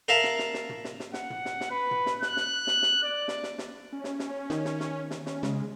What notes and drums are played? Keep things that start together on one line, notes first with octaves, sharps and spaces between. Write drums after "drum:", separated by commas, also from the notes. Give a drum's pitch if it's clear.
A#4 E5 F5 A5 B5
drum: snare
drum: snare
drum: snare
drum: tom
drum: snare
drum: snare
F#5, drum: snare
drum: tom
drum: snare
drum: snare
B4
drum: tom
drum: snare
F#6, drum: snare
drum: snare
drum: snare
drum: snare
D5
drum: snare
drum: snare
drum: snare
C#4
drum: snare
drum: snare
D#3, drum: snare
drum: snare
drum: snare
drum: snare
C#4, drum: snare
C#3 G#3, drum: snare